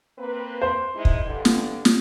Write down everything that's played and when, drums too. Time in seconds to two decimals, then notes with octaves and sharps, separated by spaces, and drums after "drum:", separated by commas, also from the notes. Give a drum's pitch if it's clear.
0.19 A#3 C4 B4
0.62 C5
0.94 G#3 D#4 E4
1.05 drum: kick
1.25 G2 D3
1.45 drum: snare
1.85 drum: snare